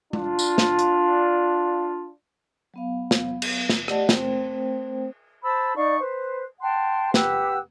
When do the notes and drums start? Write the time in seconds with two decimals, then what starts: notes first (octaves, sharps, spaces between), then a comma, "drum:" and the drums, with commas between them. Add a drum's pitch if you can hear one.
0.13 D4 F4, drum: tom G#3
0.39 drum: tambourine
0.58 drum: snare
0.79 drum: hi-hat
2.74 F#3 B3 F5
3.11 drum: snare
3.42 drum: cymbal
3.69 drum: snare
3.88 A3 G4 D5 D#5 F#5 A5, drum: rim click
4.09 A3 C4 A#4 C5 G5, drum: snare
5.43 C5 A5 B5 E6
5.76 D#4 D5 F5 C#6
6.00 B4 C5
6.61 F#5 G5 A5 C6
7.14 G4 B4 F#5 E6, drum: snare